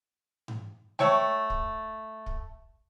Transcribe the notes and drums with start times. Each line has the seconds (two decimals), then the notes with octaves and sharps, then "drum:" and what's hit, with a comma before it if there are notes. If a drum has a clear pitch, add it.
0.48 drum: tom G#2
0.99 A3 C#5 G5, drum: snare G#3
1.50 drum: kick
2.26 drum: kick